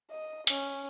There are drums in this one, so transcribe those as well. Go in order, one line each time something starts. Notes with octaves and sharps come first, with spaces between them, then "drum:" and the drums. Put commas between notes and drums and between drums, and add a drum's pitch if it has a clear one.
D#5
C#4, drum: hi-hat